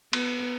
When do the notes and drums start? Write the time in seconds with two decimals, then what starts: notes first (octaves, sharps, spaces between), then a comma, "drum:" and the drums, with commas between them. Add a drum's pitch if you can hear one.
0.13 B3, drum: cymbal